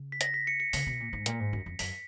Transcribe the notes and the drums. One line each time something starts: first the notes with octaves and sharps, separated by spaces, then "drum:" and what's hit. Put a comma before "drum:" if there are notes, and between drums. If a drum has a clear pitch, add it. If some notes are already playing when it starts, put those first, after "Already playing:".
Already playing: C#3
B6
A#6, drum: hi-hat
B6
C#7
C#7
C#3, drum: open hi-hat
B2
A#2
G#2
A#2, drum: hi-hat
G#2
F#2
F2
F#2 B6, drum: open hi-hat